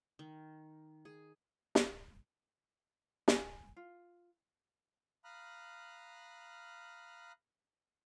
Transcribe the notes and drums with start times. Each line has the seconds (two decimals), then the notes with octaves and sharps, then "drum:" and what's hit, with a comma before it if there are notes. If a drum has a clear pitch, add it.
0.19 D#3
1.05 G#4
1.75 drum: snare
3.28 G#5, drum: snare
3.76 F4
5.24 F5 A#5 B5 D#6 F6 F#6